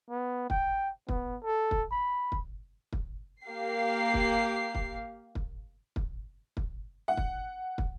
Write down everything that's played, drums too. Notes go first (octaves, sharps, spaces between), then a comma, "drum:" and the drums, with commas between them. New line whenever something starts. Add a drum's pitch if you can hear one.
B3
G5, drum: kick
B3, drum: kick
A4
drum: kick
B5
drum: kick
drum: kick
A#3 G4 F5 C7
drum: kick
drum: kick
drum: kick
drum: kick
drum: kick
F#5
drum: kick
drum: kick